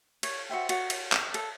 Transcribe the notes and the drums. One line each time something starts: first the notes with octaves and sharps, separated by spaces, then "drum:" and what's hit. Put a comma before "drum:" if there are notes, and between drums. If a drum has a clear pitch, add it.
C#5, drum: cymbal
F#4 C5 E5 G5
F#4, drum: cymbal
drum: cymbal
drum: clap
A4, drum: cymbal